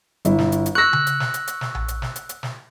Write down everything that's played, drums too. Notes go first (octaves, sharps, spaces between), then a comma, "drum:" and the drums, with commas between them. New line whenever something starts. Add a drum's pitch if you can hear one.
G1 E4, drum: hi-hat
drum: snare
drum: hi-hat
drum: hi-hat
C#6 E6 F#6 A#6
drum: tom C#3
drum: hi-hat
drum: snare
drum: hi-hat
drum: hi-hat
drum: snare
drum: tom A#1
drum: hi-hat
drum: snare
drum: hi-hat
drum: hi-hat
drum: snare